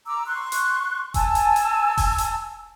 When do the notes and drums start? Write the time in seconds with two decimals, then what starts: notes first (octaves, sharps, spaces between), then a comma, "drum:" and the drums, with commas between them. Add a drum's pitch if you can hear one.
0.06 A#5 D6 E6
0.27 C6 C#6 F#6
0.52 drum: hi-hat
1.14 G#5 A5 E6, drum: kick E1, hi-hat
1.35 drum: hi-hat
1.56 drum: hi-hat
1.97 drum: kick E1, open hi-hat
2.18 drum: hi-hat